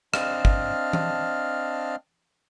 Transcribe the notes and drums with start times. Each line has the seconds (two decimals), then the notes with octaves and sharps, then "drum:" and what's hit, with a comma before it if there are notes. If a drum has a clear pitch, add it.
0.14 C4 D4 D#5 F5 A5 F6, drum: rim click
0.45 drum: kick
0.93 drum: tom E3